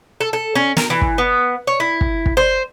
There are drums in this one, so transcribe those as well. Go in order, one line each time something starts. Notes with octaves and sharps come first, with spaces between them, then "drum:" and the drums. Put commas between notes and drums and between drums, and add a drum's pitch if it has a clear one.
A4
A4
C#4
A#4, drum: snare
E3
drum: kick
B3
C#5
E4
drum: kick
drum: kick
C5